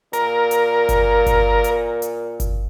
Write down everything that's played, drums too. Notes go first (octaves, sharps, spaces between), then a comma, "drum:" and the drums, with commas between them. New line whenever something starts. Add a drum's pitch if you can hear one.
A#2 A#4, drum: hi-hat
drum: hi-hat
drum: kick G1, hi-hat
drum: kick G1, hi-hat
drum: hi-hat
drum: hi-hat
drum: kick G1, hi-hat